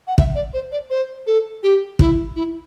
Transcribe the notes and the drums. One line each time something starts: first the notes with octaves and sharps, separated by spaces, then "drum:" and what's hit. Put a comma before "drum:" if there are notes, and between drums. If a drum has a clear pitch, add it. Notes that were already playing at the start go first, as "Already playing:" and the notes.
F#5
E5, drum: kick
D5
C5
D5
C5
A4
G4
E4, drum: kick
E4